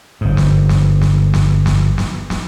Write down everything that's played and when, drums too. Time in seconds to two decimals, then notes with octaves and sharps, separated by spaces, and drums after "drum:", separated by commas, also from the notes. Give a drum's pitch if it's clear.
0.21 G1 G#2
0.37 drum: snare
0.69 drum: snare
1.01 drum: snare
1.34 drum: snare
1.66 drum: snare
1.98 drum: snare
2.30 drum: snare